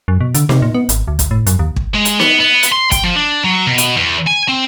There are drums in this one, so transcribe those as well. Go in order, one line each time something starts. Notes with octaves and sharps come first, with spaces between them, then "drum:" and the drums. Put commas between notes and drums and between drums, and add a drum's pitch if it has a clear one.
F#2
B2
D3, drum: hi-hat
C3, drum: snare
A#2
B3
G#1, drum: hi-hat
D2
drum: kick, hi-hat
A2
F#2, drum: hi-hat
D#2
drum: kick
G#3
drum: hi-hat
B3, drum: snare
B3
drum: hi-hat
C6
G5, drum: kick, hi-hat
F3
D4
F#3
B2
drum: hi-hat
E2
G#5
C4